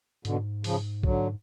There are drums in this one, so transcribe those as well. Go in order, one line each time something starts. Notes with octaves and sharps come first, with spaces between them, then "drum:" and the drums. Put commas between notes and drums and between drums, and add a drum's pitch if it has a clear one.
G#2 B2 D3, drum: hi-hat
C#3 F3, drum: open hi-hat
D3 F#3, drum: kick A#1